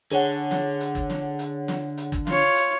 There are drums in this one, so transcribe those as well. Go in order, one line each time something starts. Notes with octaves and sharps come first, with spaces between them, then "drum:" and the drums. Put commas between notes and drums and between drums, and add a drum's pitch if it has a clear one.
D3 G#4 C#5 F#5
drum: snare
drum: hi-hat
drum: kick G1
drum: snare
drum: hi-hat
drum: snare
drum: hi-hat
drum: kick G1
F4 C#5, drum: snare
drum: hi-hat